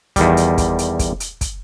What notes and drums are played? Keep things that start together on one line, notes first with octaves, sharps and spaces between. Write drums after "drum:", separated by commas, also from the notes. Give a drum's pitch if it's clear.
E2 D#3 G3, drum: kick, hi-hat
drum: hi-hat
drum: kick, hi-hat
drum: hi-hat
drum: kick, hi-hat
drum: hi-hat
drum: kick, hi-hat